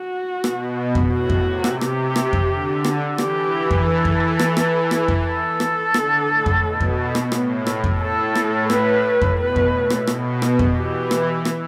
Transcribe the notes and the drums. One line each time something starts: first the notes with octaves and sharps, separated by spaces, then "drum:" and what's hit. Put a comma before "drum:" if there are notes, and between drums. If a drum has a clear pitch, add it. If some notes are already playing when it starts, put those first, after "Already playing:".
Already playing: F#4
B2, drum: rim click
drum: kick F2
A2 F#4
drum: kick F2
C3
drum: rim click
C3 G4, drum: rim click
drum: rim click
drum: kick F2
D3
drum: rim click
E3 G4, drum: rim click
drum: kick F2
A4
drum: kick F2
drum: rim click
drum: rim click
drum: rim click
drum: kick F2
A4
drum: rim click
D3, drum: rim click
A2
drum: kick F2
B2
drum: kick F2
drum: rim click
A2, drum: rim click
drum: rim click
drum: kick F2
A2 A4
drum: rim click
B4, drum: rim click
drum: kick F2
B2 B4
drum: kick F2
A2
drum: rim click
B2, drum: rim click
drum: rim click
drum: kick F2
E3 G4
drum: rim click
drum: rim click